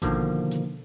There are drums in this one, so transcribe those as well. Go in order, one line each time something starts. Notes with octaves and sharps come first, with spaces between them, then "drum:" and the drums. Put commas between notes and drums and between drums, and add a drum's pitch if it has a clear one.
B2 D3 D#3 F3 A#3, drum: kick A1, hi-hat
drum: hi-hat